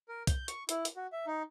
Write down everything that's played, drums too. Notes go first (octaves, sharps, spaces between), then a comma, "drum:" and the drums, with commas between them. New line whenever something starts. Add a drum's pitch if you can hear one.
A#4
G6, drum: kick, hi-hat
C#6, drum: hi-hat
E4, drum: hi-hat
drum: hi-hat
F#4
E5
D#4